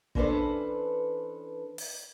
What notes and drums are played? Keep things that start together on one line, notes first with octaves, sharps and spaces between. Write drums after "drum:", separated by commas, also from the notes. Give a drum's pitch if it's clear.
E3 C#4 D4 A4 B4 C5, drum: kick
drum: open hi-hat